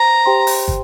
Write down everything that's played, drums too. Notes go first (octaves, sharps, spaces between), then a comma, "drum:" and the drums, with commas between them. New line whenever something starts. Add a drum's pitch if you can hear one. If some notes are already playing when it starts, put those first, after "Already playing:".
Already playing: C5 G5 A#5
G4 C5 G5 C6
drum: open hi-hat
drum: kick